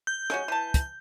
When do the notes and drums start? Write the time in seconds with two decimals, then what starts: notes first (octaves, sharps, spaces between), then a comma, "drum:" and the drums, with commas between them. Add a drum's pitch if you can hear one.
0.07 G6
0.30 G#3 C#4 F#4, drum: rim click
0.48 E3 A5
0.74 drum: kick, hi-hat